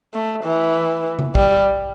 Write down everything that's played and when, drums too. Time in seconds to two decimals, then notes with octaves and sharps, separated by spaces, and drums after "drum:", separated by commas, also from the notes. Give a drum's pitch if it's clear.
0.14 A3
0.44 E3
1.19 drum: tom C#3
1.35 G3, drum: kick